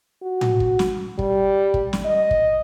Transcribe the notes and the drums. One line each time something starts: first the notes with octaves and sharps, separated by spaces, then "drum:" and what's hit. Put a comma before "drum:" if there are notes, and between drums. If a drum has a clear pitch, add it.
F#4
drum: tom A2
drum: kick
drum: snare
G3, drum: kick
drum: kick
drum: snare
D#5
drum: kick